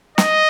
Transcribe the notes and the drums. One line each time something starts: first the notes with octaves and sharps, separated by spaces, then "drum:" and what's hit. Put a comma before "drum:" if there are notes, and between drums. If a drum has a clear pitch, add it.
D#5, drum: snare